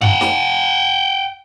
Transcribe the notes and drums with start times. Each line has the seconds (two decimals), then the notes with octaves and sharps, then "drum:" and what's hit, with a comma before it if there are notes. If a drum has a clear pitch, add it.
0.01 F#5 G5, drum: tom F#2
0.21 drum: snare